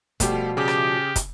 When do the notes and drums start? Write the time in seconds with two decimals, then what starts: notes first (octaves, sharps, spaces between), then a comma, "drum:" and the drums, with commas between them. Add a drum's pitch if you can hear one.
0.20 B2 F3 G3 A3 G4, drum: kick, hi-hat
0.57 C#3 G4 G#4 D6
0.68 drum: rim click
1.16 drum: kick, hi-hat